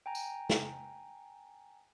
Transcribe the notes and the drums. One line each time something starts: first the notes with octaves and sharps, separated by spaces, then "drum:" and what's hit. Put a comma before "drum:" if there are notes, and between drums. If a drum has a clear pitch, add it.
G5 G#5 A#5
drum: tambourine
drum: snare